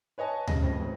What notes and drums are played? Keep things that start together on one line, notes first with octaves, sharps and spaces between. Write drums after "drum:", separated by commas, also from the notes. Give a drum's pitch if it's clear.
B4 C#5 D#5 G#5 A5
G2 C#3 D#5 A#6, drum: tom D2
F2 A2
A1 F2 G#2